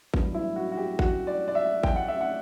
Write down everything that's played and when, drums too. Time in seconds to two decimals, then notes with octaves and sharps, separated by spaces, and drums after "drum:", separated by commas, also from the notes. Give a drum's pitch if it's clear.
0.14 A1 G2 F#3 B3 D4, drum: kick A1
0.35 E4
0.56 F#4
0.72 F#4
0.77 G4
0.99 F#4, drum: kick A1
1.27 D5
1.48 D5
1.55 E5
1.83 G5, drum: kick A1
1.96 F#5
2.08 E5
2.21 F#5